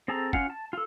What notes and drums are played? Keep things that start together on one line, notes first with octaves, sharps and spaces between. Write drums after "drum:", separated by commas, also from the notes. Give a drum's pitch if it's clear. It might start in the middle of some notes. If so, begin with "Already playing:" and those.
C4 G#4 A4 A5 A#5
C#4 F4 F5 F#5, drum: kick
A5
F4 A4